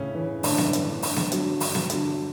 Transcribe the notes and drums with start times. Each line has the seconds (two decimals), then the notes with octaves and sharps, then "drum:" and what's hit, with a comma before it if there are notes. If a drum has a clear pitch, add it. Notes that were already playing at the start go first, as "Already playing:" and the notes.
Already playing: A2 C#3 C#4
0.15 E3
0.43 A2 D3 D4, drum: open hi-hat
0.58 drum: snare B3
0.73 E3, drum: hi-hat
1.02 G2, drum: open hi-hat
1.16 drum: snare B3
1.32 D3 F#3, drum: hi-hat
1.60 G2, drum: open hi-hat
1.75 drum: snare B3
1.90 D3 F#3, drum: hi-hat